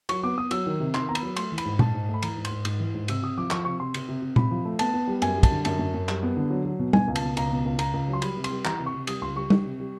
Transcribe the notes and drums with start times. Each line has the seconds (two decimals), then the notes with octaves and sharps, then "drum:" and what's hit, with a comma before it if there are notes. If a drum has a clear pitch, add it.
0.09 F#3 C#6, drum: cymbal
0.23 B3 D6
0.37 B3 D#6
0.51 F#3 E6, drum: cymbal
0.66 D#3
0.80 C3
0.95 D#3 C6, drum: clap
1.09 B3 A#5
1.15 B5, drum: cymbal
1.23 F#3
1.36 A3 C6, drum: cymbal
1.52 E3
1.58 B5, drum: cymbal
1.65 G#2
1.79 G#2 A5, drum: tom A#2
1.95 G#2
2.09 A3
2.14 B5
2.22 E3 A#5, drum: cymbal
2.37 G#2
2.45 C6, drum: cymbal
2.51 G#2
2.65 G#2, drum: cymbal
2.80 E3
2.94 G#2
3.08 C3 E6, drum: cymbal
3.23 C3 D#6
3.37 F3 D6
3.51 F3 C#6, drum: clap
3.65 C3 C#6
3.80 C3 C6
3.94 C3, drum: cymbal
4.09 C3
4.22 C3
4.36 C3 B5, drum: tom A#2
4.51 F3
4.65 A3
4.79 B3 A5, drum: cymbal
4.94 B3
5.08 G3
5.22 F#2 G#5, drum: cymbal
5.37 G3
5.43 A5, drum: kick, cymbal
5.51 D3
5.65 F#2 A5, drum: cymbal
5.79 F#2
5.94 F#2
6.09 G3, drum: clap
6.23 B3
6.37 D3
6.50 F#3
6.65 F#3
6.79 B2
6.93 B2 G#5, drum: tom
7.08 C#2
7.16 A5, drum: cymbal
7.22 B2
7.37 C#2 A#5, drum: cymbal
7.51 B2
7.66 C#2
7.79 C#2 A#5, drum: cymbal
7.94 C#2
8.08 F#3
8.13 C6
8.22 G3 B5, drum: cymbal
8.37 C3
8.44 C6, drum: cymbal
8.50 G3
8.65 E3 A#5, drum: clap
8.80 C3
8.86 C#6
8.94 C3
9.07 G3 D#6, drum: cymbal
9.21 C#2 C6
9.36 G3 C#6
9.50 G3, drum: tom
9.65 C3
9.80 G3